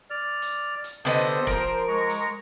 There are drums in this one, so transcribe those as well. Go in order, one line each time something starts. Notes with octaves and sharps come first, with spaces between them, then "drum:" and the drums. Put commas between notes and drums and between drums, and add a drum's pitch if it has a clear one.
D5 F6
drum: hi-hat
drum: hi-hat
D3 B3 G4 A4 C5 D#5 D#6
drum: hi-hat
F3 A#4, drum: kick
G#3 A#5 C#6
drum: hi-hat